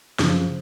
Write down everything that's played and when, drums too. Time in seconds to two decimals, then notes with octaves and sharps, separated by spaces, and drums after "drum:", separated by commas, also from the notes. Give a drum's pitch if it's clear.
0.19 F#2 C#3 F3, drum: snare